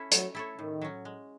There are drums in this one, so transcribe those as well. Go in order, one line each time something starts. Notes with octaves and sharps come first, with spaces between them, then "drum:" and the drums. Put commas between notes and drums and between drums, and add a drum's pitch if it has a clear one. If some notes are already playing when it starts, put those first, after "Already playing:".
Already playing: C#4 E4 A4 C#5
F#3 A3, drum: hi-hat
E4 A4 C#5
A2 D#3
F#3 C#4
G#3